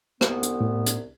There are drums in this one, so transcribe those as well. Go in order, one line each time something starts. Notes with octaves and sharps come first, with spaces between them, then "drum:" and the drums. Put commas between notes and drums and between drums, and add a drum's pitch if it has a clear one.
C2 B3, drum: rim click
drum: hi-hat
A2
drum: hi-hat